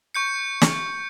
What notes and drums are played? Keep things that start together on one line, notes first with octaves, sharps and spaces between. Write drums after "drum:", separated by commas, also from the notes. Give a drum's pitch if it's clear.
C#6 G6 C#7
drum: snare